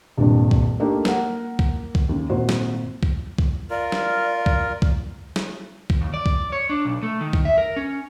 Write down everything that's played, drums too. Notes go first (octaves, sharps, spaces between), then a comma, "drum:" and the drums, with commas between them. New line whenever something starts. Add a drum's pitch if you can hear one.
D#1 C2 G2 A#2 G3 D4
drum: kick C2
A3 A#3 D4 D#4 G4
A#3 A#4 F#5, drum: snare
drum: kick C2
drum: kick C2
D#2 C#3
G#1 A#2 F#4 C5
drum: snare
drum: kick C2
drum: kick C2
F4 A#4 D5
drum: snare
drum: kick C2
drum: kick C2
drum: snare
drum: kick C2
D#2
D5
drum: kick C2
C#5
D4
B1
A3
D#3
drum: kick C2
E5
A#4
C#4